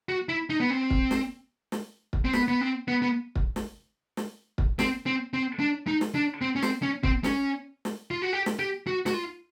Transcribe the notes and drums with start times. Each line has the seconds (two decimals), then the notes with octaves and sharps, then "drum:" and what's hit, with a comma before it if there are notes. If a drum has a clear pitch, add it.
0.09 F#4
0.29 E4
0.50 D#4
0.60 B3
0.70 C4
0.90 drum: kick
1.11 drum: snare
1.72 drum: snare
2.13 drum: kick
2.25 C4
2.33 B3, drum: snare
2.48 B3
2.61 C4
2.88 B3
3.02 B3
3.35 drum: kick
3.56 drum: snare
4.17 drum: snare
4.58 drum: kick
4.79 C4, drum: snare
5.06 C4
5.34 C4
5.60 D4
5.87 D#4
6.01 drum: snare
6.15 D4
6.41 C4
6.56 C#4
6.62 C4, drum: snare
6.82 C#4
7.03 C4, drum: kick
7.24 C#4, drum: snare
7.85 drum: snare
8.11 F4
8.22 F#4
8.33 G4
8.46 drum: snare
8.59 G4
8.87 F#4
9.06 F#4, drum: snare
9.14 F4